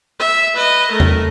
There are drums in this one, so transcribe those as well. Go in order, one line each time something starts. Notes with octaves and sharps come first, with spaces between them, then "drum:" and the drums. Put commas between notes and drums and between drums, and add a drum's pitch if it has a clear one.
E5
B4 D#5
A3 A#4
drum: tom E2